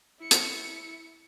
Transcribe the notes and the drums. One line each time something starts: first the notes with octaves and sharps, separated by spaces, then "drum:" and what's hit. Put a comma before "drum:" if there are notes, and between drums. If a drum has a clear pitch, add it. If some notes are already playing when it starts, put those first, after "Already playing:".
E4 C#7
drum: hi-hat